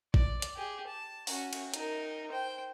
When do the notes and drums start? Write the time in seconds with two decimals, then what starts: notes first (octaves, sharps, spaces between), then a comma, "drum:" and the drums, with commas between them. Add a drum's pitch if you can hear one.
0.14 D5, drum: kick A1
0.42 drum: hi-hat
0.56 G4 G#4
0.87 A5
1.27 C#4 F#4, drum: open hi-hat
1.53 drum: cymbal
1.74 D#4 A#4, drum: hi-hat
2.31 C5 G5